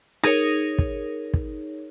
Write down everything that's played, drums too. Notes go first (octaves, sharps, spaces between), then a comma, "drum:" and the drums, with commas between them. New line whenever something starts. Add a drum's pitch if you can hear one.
D#4 G#4 A#4 C#5, drum: rim click
drum: kick
drum: kick